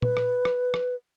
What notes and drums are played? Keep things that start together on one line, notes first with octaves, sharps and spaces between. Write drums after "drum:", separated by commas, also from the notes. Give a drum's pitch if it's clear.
B4, drum: tom A#2
drum: rim click
drum: rim click
drum: rim click